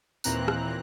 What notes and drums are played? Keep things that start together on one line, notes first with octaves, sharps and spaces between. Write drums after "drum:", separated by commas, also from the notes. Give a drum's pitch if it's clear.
D#2 A#2 E3 C4 A#5 F#6, drum: tambourine
drum: rim click